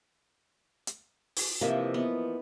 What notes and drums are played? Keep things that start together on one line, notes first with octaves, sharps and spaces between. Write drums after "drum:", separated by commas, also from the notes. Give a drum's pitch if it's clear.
drum: hi-hat
drum: open hi-hat
C3 E3 F3 A#3 D#5 E5
B3